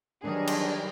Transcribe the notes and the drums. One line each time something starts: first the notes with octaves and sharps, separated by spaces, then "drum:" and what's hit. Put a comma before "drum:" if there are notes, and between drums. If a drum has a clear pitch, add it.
D#3 F#3 G3 D4 G#4 A#4 B4 C#5
drum: cymbal